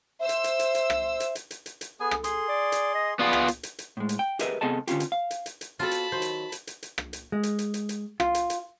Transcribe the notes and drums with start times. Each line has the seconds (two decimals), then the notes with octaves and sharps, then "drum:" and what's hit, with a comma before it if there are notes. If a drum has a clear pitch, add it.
0.20 C5 E5 E6
0.29 drum: hi-hat
0.44 drum: hi-hat
0.59 drum: hi-hat
0.75 drum: hi-hat
0.90 drum: rim click
1.20 drum: hi-hat
1.35 drum: hi-hat
1.51 drum: hi-hat
1.66 drum: hi-hat
1.81 drum: hi-hat
2.00 B3 G#4 A4 G#5
2.11 drum: rim click
2.24 G#4 C6, drum: hi-hat
2.48 D5
2.72 drum: hi-hat
2.95 D#5
3.19 B3 F4 G#4 D5
3.33 drum: rim click
3.48 drum: hi-hat
3.63 drum: hi-hat
3.79 drum: hi-hat
3.97 A2 G#3
4.09 drum: hi-hat
4.19 G5
4.39 G4 G#4 A#4 B4 D#5 E5, drum: hi-hat
4.61 C3 B3 G#4 A4 D#5 A5
4.88 D3 C#4 D#4 F4 G4, drum: hi-hat
5.00 drum: hi-hat
5.12 F5
5.31 drum: hi-hat
5.46 drum: hi-hat
5.61 drum: hi-hat
5.79 B3 C4 F4 F#4 A4 A5 B5
5.91 drum: hi-hat
6.12 D#2 F#3 C5
6.22 drum: hi-hat
6.52 drum: hi-hat
6.67 drum: hi-hat
6.83 drum: hi-hat
6.98 drum: rim click
7.13 drum: hi-hat
7.32 G#3
7.43 drum: hi-hat
7.59 drum: hi-hat
7.74 drum: hi-hat
7.89 drum: hi-hat
8.20 F4, drum: rim click
8.35 drum: hi-hat
8.50 drum: hi-hat